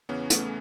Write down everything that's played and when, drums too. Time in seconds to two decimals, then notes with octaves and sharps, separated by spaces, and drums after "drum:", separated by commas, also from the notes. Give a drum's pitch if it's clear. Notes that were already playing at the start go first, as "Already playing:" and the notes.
0.09 E2 C#3 E3 B3 C#4
0.30 A3 B3, drum: hi-hat